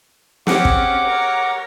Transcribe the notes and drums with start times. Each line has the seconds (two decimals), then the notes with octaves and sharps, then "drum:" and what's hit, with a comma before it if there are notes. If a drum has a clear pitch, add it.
0.47 C4 C#4 G4 G#4 F#5 D6, drum: snare
0.65 drum: kick
1.06 A#4 C#5